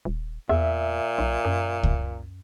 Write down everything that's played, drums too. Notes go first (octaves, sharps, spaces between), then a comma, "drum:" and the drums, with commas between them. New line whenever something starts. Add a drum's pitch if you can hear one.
D#1
E2 A#2 E5
B1
F#2
drum: kick C#2